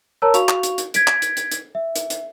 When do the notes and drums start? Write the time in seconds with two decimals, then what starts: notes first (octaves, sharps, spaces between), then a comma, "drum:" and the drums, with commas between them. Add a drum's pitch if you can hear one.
0.22 A#4 C#5 A5 A#5 E6
0.34 F#4 F5 C#6 F7, drum: hi-hat
0.49 drum: clap
0.63 drum: hi-hat
0.78 drum: hi-hat
0.94 G#6 B6 D7, drum: hi-hat
1.07 drum: clap
1.22 drum: hi-hat
1.37 drum: hi-hat
1.51 drum: hi-hat
1.75 E5
1.96 drum: hi-hat
2.10 drum: hi-hat